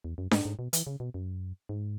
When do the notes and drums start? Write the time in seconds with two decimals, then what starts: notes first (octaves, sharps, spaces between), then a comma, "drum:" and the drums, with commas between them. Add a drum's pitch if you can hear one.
0.04 E2
0.18 F#2
0.31 G#2, drum: snare D4
0.45 G#2
0.59 B2
0.73 E3, drum: hi-hat
0.87 C#3
1.00 B2
1.14 F#2
1.69 G#2